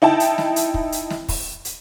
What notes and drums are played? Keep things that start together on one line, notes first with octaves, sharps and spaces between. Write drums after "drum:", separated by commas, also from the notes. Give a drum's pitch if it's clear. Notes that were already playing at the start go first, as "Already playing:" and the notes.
D#4 E4 G5 A5
drum: hi-hat
drum: snare
drum: hi-hat
drum: kick
drum: hi-hat
drum: snare
drum: kick, open hi-hat
drum: hi-hat